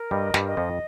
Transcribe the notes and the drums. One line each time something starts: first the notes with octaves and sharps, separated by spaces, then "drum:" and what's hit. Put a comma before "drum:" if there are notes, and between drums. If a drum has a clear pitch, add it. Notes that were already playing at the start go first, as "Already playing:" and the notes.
Already playing: A#4
G2 G3 D#5
G2 G3, drum: snare
D#5
F2 F3